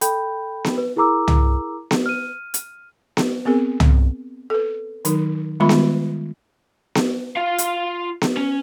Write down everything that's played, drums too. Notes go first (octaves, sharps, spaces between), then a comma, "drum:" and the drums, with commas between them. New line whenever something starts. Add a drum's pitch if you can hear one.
A4 G5 B5 G6, drum: hi-hat
drum: snare B3
B4
E4 G#4 A#4 A#5 D6 E6
drum: tom
drum: snare B3
F6 D#7
drum: hi-hat
drum: snare B3
B3 C4 G#4 A#4
drum: tom
A4 B4
D#3 F#3 D#4 A#4, drum: hi-hat
D#3 G3 G#3 B3 F4 B5
drum: snare B3
drum: snare B3
F4 F5
drum: hi-hat
drum: snare B3
C#4